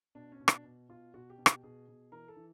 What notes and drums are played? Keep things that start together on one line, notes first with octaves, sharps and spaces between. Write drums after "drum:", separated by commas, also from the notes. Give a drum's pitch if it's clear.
B2 D4
C#4
B2
D4, drum: rim click
B2
B2 F4
B2 F#4
G4
B2
G4, drum: rim click
B2 G#4
B2
E3 A#4
A4
E3